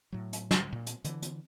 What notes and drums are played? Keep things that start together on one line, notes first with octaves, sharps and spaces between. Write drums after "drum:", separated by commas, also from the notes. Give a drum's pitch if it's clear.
A2 F#3
drum: hi-hat
drum: snare
A#2
drum: hi-hat
D3 E3, drum: hi-hat
drum: hi-hat